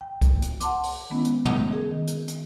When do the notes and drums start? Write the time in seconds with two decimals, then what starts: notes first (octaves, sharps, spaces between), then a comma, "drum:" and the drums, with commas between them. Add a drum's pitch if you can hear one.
0.01 G5
0.21 drum: kick C2, hi-hat
0.42 drum: hi-hat
0.60 F#5 A5 C6 D6, drum: hi-hat
0.83 drum: open hi-hat
1.10 D#3 G#3 B3 C#4 E4
1.25 drum: hi-hat
1.45 drum: tom
1.73 G#4 A#4
1.91 D#3
2.07 drum: hi-hat
2.28 drum: hi-hat